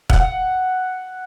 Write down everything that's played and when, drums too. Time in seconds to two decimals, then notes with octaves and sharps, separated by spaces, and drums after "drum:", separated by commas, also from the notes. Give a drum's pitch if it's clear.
0.10 F#5, drum: kick E1